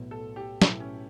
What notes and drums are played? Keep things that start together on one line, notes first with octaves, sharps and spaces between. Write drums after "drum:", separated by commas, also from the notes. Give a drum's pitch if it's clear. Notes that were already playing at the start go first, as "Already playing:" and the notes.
Already playing: B1 A2 F#3 B3
A4
G4
B1 A2 F#3 B3 E4, drum: snare
C#4